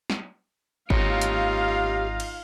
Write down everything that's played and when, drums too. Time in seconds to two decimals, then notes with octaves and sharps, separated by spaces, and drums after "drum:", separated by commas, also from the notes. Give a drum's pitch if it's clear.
0.10 drum: snare
0.90 G#1 D#4 F4 G4 C#5 F5 A#6, drum: kick G1
1.22 drum: hi-hat
2.20 drum: cymbal